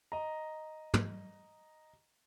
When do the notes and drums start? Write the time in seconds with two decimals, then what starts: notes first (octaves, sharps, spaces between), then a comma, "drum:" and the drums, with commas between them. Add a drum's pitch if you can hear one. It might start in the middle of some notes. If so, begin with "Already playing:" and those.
0.12 D#5 A#5
0.94 drum: tom